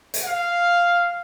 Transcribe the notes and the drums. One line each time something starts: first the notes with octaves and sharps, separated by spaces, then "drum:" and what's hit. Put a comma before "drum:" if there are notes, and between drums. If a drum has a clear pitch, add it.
drum: hi-hat
F5